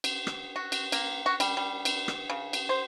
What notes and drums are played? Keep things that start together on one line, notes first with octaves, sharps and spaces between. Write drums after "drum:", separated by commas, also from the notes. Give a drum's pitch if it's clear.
drum: cymbal
drum: rim click
F#4
drum: cymbal
A#3, drum: cymbal
F#4
G3, drum: cymbal
G3
drum: cymbal
drum: rim click
C#3
drum: cymbal
C5